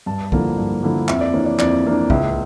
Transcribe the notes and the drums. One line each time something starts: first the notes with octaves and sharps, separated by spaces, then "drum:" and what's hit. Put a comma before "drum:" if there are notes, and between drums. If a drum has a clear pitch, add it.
G2 A5
D3 F3 A#3 E4, drum: kick
G2
D3 F3 A#3 E4
F2 E5, drum: clap
D5
E3 A#3 D4 C#5
D5
F2 D5, drum: clap
E3 A#3 D4
C#2 E5, drum: kick